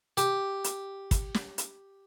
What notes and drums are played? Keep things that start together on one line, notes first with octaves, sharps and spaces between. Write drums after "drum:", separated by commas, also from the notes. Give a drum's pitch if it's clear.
G4, drum: hi-hat
drum: hi-hat
drum: kick, hi-hat
drum: snare
drum: hi-hat